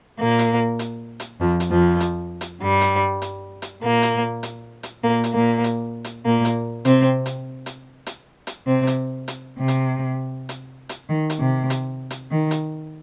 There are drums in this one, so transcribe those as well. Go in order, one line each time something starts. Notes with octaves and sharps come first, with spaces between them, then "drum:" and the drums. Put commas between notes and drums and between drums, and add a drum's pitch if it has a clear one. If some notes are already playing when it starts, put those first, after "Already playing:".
A#2 A#3
drum: hi-hat
drum: hi-hat
drum: hi-hat
F2 F3
drum: hi-hat
F2 F3
drum: hi-hat
drum: hi-hat
G2 G3
drum: hi-hat
drum: hi-hat
drum: hi-hat
A#2 A#3
drum: hi-hat
drum: hi-hat
drum: hi-hat
A#2 A#3
drum: hi-hat
A#2 A#3
drum: hi-hat
drum: hi-hat
A#2 A#3
drum: hi-hat
C3 C4, drum: hi-hat
drum: hi-hat
drum: hi-hat
drum: hi-hat
drum: hi-hat
C3 C4
drum: hi-hat
drum: hi-hat
C3
drum: hi-hat
drum: hi-hat
drum: hi-hat
D#3
drum: hi-hat
C3
drum: hi-hat
drum: hi-hat
D#3
drum: hi-hat